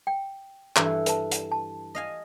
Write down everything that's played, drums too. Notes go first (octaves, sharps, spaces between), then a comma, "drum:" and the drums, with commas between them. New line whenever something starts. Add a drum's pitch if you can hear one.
G5
G2 E3 A4, drum: clap
B4 A5, drum: hi-hat
drum: hi-hat
A5
D#5 F5 G#5